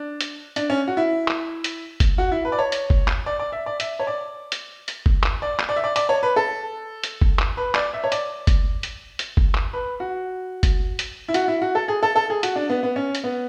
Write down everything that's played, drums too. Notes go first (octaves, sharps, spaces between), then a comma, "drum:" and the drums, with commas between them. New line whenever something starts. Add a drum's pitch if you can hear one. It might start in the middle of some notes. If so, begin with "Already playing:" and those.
Already playing: D4
drum: hi-hat
D4, drum: hi-hat
C#4
F#4
E4
drum: clap
drum: hi-hat
drum: kick F#1, hi-hat
F#4
E4
B4
D5
C#5
drum: hi-hat
drum: kick F#1
drum: clap
D5
D5
E5
D5
E5, drum: hi-hat
C#5
D5
drum: hi-hat
drum: hi-hat
drum: kick F#1
drum: clap
D5
drum: clap
D5
E5
D5
D5, drum: hi-hat
C#5
B4
A4
drum: hi-hat
drum: kick F#1
drum: clap
B4
D5, drum: clap
E5
C#5
D5, drum: hi-hat
drum: kick F#1, hi-hat
drum: hi-hat
drum: hi-hat
drum: kick F#1
drum: clap
B4
F#4
drum: kick F#1, hi-hat
drum: hi-hat
E4
F#4, drum: hi-hat
E4
F#4
A4
G#4
A4
A4
G#4
F#4, drum: hi-hat
D4
B3
B3
C#4
drum: hi-hat
B3